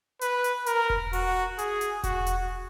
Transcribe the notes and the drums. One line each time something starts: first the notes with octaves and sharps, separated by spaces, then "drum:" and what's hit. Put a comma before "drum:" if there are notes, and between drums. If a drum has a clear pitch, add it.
B4, drum: hi-hat
drum: hi-hat
A#4, drum: hi-hat
drum: kick E1
F#4, drum: open hi-hat
G#4, drum: hi-hat
drum: hi-hat
F#4, drum: kick E1, hi-hat
drum: hi-hat